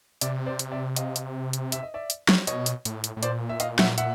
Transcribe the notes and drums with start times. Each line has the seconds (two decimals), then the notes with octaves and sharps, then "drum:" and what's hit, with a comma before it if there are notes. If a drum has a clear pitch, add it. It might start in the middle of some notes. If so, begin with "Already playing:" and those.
0.21 C3 D5 E5, drum: hi-hat
0.46 C5 D5
0.59 drum: hi-hat
0.72 D5 E5
0.96 D#5 F5, drum: hi-hat
1.16 drum: hi-hat
1.53 drum: hi-hat
1.72 E5, drum: hi-hat
1.83 D#5
1.94 D5 E5
2.10 drum: hi-hat
2.29 drum: snare
2.47 B2 C#5 D#5, drum: hi-hat
2.66 drum: hi-hat
2.85 A2, drum: hi-hat
3.04 drum: hi-hat
3.17 A2
3.23 A#2 C5 D5, drum: hi-hat
3.49 E5
3.60 D#5 F5, drum: hi-hat
3.79 E5 F#5, drum: snare
3.98 E5 F#5, drum: hi-hat